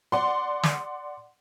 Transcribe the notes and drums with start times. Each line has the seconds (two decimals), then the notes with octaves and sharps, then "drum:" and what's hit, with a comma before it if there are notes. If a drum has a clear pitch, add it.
0.12 D5 F#5 C6
0.63 drum: snare